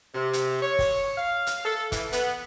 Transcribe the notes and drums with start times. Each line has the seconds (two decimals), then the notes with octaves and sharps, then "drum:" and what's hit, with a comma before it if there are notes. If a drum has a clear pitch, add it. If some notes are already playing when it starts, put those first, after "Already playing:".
0.15 C3
0.33 drum: hi-hat
0.62 C#5
0.79 drum: kick, open hi-hat
1.18 F5
1.47 drum: hi-hat
1.65 A4
1.92 E3, drum: kick, hi-hat
2.13 B3, drum: hi-hat